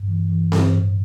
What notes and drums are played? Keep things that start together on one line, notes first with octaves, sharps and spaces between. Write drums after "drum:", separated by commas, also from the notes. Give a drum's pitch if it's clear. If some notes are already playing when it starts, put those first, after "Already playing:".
Already playing: G2
E3
E3
G2, drum: snare C4
A2